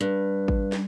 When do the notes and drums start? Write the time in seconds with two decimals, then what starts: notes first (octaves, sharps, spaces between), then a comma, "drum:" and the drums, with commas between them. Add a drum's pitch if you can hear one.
0.01 G2
0.48 drum: kick G#1
0.72 drum: snare